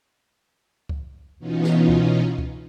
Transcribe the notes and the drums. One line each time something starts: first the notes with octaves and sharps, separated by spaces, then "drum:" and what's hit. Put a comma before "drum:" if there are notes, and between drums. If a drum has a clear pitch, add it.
drum: kick C#2
B2 E3 B3 C#4 D#4 F4
drum: snare
drum: kick C#2
drum: kick C#2